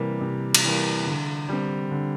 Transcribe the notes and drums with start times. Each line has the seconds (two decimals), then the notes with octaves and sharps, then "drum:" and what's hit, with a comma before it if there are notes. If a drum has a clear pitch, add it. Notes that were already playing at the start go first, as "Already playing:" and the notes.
Already playing: C3 E3 G3 A#3
0.21 C3
0.55 drum: cymbal
0.64 E3 G3 A#3
1.07 D3
1.49 G3 C4
1.91 D3